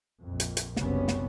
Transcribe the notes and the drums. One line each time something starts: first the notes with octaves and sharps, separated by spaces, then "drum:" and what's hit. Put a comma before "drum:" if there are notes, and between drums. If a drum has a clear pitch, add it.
A#1 F2
drum: hi-hat
drum: hi-hat
F#1 C2 F#2 C3 B3 C#4, drum: snare
drum: snare